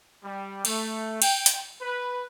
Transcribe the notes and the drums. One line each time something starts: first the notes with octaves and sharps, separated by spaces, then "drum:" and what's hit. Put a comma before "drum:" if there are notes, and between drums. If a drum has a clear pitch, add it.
G3
A3, drum: cymbal
G5, drum: cymbal
drum: hi-hat
B4